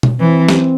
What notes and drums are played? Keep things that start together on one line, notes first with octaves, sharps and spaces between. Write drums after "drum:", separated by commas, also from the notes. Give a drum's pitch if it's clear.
drum: tom B2
E3 C4
drum: snare